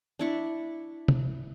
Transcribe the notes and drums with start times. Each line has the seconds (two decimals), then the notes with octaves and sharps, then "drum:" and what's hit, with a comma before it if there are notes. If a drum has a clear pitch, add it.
0.19 D4 E4 C#6
1.08 drum: tom